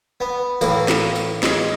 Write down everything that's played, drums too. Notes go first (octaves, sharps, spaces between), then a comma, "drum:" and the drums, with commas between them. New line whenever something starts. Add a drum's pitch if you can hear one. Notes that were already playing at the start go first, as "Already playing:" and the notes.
B3
A2 E3 A#3, drum: tambourine
drum: snare
drum: tambourine
G#3, drum: snare